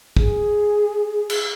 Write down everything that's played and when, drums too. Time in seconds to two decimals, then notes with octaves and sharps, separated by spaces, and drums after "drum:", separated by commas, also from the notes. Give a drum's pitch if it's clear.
0.17 G#4, drum: kick
1.30 drum: cymbal